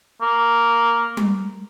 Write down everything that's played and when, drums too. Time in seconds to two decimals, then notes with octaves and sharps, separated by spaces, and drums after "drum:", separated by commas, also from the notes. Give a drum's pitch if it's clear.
0.21 A#3
1.17 drum: tom G3